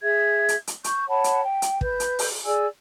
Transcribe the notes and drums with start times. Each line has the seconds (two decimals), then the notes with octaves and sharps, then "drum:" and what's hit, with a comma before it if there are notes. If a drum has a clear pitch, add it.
0.02 G#4 E5 G#6
0.49 drum: hi-hat
0.67 drum: hi-hat
0.84 C#6 G6, drum: hi-hat
1.09 C#5 F#5 A5 B5
1.24 drum: hi-hat
1.43 G5
1.62 drum: hi-hat
1.81 B4 G6, drum: kick
2.00 drum: hi-hat
2.19 drum: open hi-hat
2.45 G#4 D5 G#5 E6